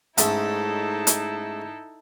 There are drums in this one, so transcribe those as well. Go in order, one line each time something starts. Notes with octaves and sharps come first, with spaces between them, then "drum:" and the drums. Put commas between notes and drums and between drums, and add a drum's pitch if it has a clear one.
G#2 A3 C#4 D#4 E4 A4, drum: hi-hat
drum: hi-hat